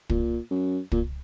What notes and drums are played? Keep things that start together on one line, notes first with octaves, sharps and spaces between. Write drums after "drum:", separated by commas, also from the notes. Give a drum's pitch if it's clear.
A#2, drum: kick
F#2
A#2, drum: kick